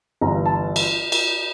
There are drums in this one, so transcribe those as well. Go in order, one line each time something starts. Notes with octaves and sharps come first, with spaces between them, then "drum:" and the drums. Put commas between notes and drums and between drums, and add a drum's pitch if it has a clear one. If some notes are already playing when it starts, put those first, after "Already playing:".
G1 G2 E3 A#5
A5
drum: cymbal
drum: cymbal